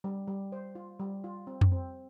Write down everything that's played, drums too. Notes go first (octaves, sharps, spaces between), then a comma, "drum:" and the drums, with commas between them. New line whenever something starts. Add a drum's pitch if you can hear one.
G3
G3
C5
F4
G3
F4
C4
drum: tom F2
C4